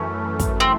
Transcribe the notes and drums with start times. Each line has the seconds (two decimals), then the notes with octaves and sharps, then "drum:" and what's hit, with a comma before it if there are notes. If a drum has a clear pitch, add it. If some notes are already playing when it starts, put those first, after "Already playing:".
Already playing: F#2 E3 A3 C#4
0.40 drum: kick, hi-hat
0.60 C4